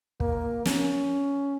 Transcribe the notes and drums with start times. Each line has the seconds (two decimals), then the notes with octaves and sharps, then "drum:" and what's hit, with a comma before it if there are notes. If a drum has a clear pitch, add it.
0.20 A#3, drum: kick
0.65 C#4, drum: snare